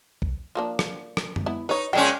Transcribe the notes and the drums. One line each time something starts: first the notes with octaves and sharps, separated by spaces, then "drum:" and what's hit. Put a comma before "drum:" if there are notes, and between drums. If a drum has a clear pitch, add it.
drum: kick
F3 A#3 D4
drum: rim click
drum: rim click
drum: tom F#2
B3 E4
D#4 B4 C#5
A#2 G#3 C#4 G5